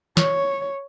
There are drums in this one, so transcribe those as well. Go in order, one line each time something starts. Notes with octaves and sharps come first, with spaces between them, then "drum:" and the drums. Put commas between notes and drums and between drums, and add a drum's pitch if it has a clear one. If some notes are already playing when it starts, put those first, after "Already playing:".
C#5, drum: snare